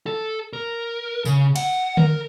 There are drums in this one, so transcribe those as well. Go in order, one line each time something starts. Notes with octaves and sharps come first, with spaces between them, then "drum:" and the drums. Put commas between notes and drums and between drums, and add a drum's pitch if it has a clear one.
A4
A#4
C#3, drum: tambourine
F#5, drum: cymbal
A#4, drum: tom D3